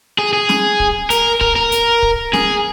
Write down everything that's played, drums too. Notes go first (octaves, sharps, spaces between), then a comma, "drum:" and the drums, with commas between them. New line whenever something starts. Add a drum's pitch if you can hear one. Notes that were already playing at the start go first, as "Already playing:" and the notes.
G#4
G#4
drum: snare
drum: kick
A#4, drum: hi-hat
A#4, drum: kick
A#4
drum: hi-hat
drum: kick
G#4, drum: snare